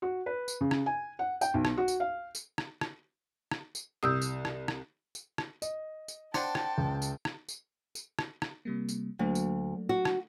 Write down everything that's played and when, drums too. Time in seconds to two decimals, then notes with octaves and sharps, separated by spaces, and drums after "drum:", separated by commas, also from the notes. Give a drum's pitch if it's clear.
0.02 F#4
0.26 B4
0.48 drum: tambourine
0.61 C#3
0.71 drum: rim click
0.86 G#5
1.19 F#5
1.41 G5, drum: tambourine
1.54 B1
1.65 drum: rim click
1.77 F#4
1.88 drum: tambourine
2.00 F5
2.35 drum: tambourine
2.58 drum: rim click
2.81 drum: rim click
3.51 drum: rim click
3.75 drum: tambourine
4.03 C2 D#6 E6 G6
4.22 drum: tambourine
4.45 drum: rim click
4.68 drum: rim click
5.15 drum: tambourine
5.38 drum: rim click
5.62 D#5, drum: tambourine
6.08 drum: tambourine
6.34 D4 C5 F#5 G5 A5, drum: rim click
6.55 drum: rim click
6.78 C#2
7.02 drum: tambourine
7.25 drum: rim click
7.49 drum: tambourine
7.95 drum: tambourine
8.19 drum: rim click
8.42 drum: rim click
8.65 C3 G3 A#3
8.89 drum: tambourine
9.19 D2 F#3 A#3 D4
9.35 drum: tambourine
9.89 F#4
10.05 drum: rim click